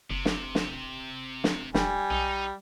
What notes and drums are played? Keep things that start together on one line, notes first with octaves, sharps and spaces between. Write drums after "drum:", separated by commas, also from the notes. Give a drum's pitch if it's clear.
F#1 C3
drum: snare
drum: snare
drum: snare
F1 G3 G#5, drum: snare
B1 D#4